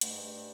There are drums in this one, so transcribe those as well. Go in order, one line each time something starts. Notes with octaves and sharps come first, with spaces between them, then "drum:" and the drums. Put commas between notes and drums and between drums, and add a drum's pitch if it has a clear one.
G2 A3, drum: hi-hat
G#2
G2